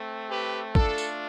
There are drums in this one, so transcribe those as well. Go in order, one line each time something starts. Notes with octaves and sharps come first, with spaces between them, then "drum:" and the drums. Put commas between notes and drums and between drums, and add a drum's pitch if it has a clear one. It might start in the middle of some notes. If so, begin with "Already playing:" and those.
Already playing: A3 C4
G4 B4
A3 D4 F4 A4, drum: kick
drum: tambourine